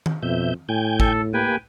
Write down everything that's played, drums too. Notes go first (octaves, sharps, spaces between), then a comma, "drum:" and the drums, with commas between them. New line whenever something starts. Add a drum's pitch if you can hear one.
drum: tom D#3
F2 B2 E5 G6
A2 G5 G#5 G6
A4, drum: kick G#1
A#3 G4 B4 G5 G#5